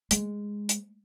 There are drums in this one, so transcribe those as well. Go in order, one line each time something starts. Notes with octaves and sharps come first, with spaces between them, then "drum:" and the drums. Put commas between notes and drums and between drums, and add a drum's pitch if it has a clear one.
G#3, drum: hi-hat
drum: hi-hat